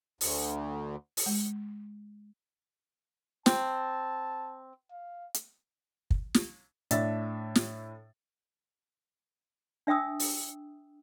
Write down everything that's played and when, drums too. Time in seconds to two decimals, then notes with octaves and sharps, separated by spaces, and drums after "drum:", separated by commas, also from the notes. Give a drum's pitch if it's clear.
0.21 D2, drum: open hi-hat
1.17 drum: open hi-hat
1.26 G#3
3.46 C4 A5, drum: snare
4.91 F5
5.34 drum: hi-hat
6.11 drum: kick
6.34 drum: snare
6.91 A2 D4 E5 A6, drum: hi-hat
7.55 drum: snare
9.87 D4 E5 G5 D#6 E6
10.20 drum: open hi-hat